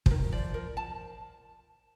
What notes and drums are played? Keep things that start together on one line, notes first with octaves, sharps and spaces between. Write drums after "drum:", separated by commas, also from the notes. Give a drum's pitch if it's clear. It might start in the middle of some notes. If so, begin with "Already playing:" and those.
F3, drum: kick
D#3 A#4
F3 D5
A#4
A5